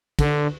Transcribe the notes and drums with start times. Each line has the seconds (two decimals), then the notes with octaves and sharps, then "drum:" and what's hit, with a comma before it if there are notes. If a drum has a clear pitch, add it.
0.19 D3, drum: kick, cymbal